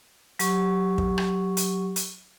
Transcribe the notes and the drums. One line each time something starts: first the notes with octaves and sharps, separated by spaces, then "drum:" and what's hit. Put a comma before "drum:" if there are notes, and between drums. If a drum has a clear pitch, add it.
F#3 G4 C#6, drum: hi-hat
drum: kick
drum: rim click
drum: hi-hat
drum: hi-hat